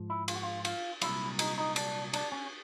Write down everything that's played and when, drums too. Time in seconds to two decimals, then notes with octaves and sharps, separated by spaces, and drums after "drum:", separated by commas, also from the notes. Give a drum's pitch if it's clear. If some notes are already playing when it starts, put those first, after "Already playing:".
Already playing: G#2 F3
0.10 E4
0.28 F4, drum: cymbal
0.36 F#4
0.43 F4
0.65 F4, drum: cymbal
1.02 C2 A#2 F#3 E4, drum: cymbal
1.39 D#4, drum: cymbal
1.58 D#4
1.76 D4, drum: cymbal
2.13 D4, drum: cymbal
2.32 C#4